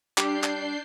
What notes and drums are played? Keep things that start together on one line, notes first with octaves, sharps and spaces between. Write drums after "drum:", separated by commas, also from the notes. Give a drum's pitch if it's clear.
G3 D4 G4 G6 C7, drum: clap
drum: clap